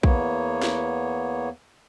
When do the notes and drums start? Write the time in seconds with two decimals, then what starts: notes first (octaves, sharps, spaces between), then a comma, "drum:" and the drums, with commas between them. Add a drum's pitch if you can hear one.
0.03 E2 A#3 B3 C#5, drum: kick
0.62 drum: snare